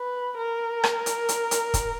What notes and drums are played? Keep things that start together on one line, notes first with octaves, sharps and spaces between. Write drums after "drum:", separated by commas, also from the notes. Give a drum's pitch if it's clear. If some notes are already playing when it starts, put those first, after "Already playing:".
Already playing: B4
A#4
drum: rim click
drum: hi-hat
drum: hi-hat
drum: hi-hat
drum: kick, hi-hat